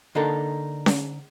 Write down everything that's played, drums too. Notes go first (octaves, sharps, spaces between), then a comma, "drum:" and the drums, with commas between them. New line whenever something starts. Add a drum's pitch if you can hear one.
D3 A#3 D4 D#4 A4 A#4
drum: snare C#4